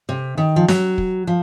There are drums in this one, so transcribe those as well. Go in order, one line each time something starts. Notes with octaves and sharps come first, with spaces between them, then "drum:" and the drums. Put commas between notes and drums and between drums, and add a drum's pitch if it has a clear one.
C3
D#3
F3
F#3, drum: snare
drum: kick
F3